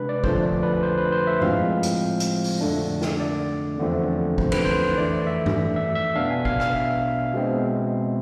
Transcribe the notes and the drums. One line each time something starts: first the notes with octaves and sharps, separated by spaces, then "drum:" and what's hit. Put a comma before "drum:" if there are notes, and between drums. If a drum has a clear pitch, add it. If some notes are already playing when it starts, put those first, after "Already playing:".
Already playing: C3 G#3 D4 B4
D5
F2 D3 F3 A3 D4 C5, drum: kick
D5
B4
C5
B4
C5
E5
A2 F3 G#3 C4 F5, drum: tom G2
drum: hi-hat
drum: hi-hat
drum: open hi-hat
F2 D3 A3 D4
drum: snare
D5
E2 D3 F3 A3 C4
C5, drum: kick
B4, drum: cymbal
C5
F2 E3 A3 D5
E5
drum: tom G2
E5
E5
B2 B3 D4 F5
G#5
F5, drum: kick
F5, drum: rim click
E5
B2 G#3 C4